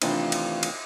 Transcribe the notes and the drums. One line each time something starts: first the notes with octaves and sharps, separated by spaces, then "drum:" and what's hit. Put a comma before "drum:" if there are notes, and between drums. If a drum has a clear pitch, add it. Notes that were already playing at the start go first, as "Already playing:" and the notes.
C3 D#3 E3 A3 D4 F4, drum: cymbal
drum: cymbal
drum: cymbal